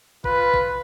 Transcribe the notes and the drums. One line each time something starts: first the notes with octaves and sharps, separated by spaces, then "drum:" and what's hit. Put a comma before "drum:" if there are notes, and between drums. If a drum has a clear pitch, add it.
F4 B4, drum: kick
drum: kick